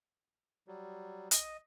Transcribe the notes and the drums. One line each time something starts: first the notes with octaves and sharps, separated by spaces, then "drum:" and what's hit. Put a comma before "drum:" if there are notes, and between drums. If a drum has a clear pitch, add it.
F#3 G3
D#5, drum: hi-hat